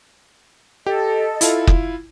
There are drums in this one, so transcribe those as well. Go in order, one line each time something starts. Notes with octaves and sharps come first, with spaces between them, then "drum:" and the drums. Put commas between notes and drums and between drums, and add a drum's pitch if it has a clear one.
G4 A4 D#5
E4 F4, drum: hi-hat
drum: kick